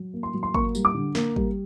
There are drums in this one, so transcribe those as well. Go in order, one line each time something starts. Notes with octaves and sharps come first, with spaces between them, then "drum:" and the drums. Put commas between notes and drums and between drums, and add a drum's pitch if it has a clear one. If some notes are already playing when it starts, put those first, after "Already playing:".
Already playing: F#3
A#3
C6
F#3
C6
A#3 C#6, drum: kick G#1
G3, drum: tambourine
D6
D3
A#3, drum: snare
G3, drum: kick G#1